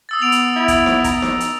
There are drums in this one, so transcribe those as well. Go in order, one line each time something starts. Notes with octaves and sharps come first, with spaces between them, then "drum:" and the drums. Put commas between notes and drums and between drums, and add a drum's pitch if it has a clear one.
D#6 E6 A6
B3 E6 D7 F7
drum: hi-hat
E4
drum: kick, hi-hat
drum: snare D#4
A#5, drum: kick, hi-hat
drum: snare D#4
drum: hi-hat